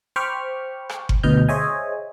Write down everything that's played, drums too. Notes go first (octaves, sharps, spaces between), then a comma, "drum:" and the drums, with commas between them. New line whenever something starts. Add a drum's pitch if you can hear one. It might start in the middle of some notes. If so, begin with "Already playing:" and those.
C5 G5 B5 C#6 D6 F6
drum: rim click
drum: kick F#1
D2 B2 B4 D#5 F6 G6
G#4 C5 C#5 D#5 E5 G#5